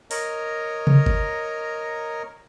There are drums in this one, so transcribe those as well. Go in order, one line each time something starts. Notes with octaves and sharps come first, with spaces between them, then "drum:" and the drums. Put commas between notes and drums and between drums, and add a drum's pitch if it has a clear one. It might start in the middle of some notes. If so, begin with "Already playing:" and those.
A#4 C#5 D#5 A#5, drum: open hi-hat
drum: tom C3
drum: kick G1